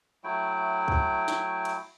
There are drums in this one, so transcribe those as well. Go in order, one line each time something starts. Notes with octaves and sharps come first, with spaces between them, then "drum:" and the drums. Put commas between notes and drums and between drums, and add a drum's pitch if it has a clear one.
F#3 A3 E4 G5
drum: kick B1
drum: snare
drum: cymbal